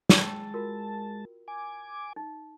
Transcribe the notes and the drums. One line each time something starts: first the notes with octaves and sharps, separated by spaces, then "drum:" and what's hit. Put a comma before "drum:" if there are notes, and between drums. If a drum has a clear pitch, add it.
G#3 G5 A5 E6, drum: snare
F4 F#4 A#4
G#5 D6
D#4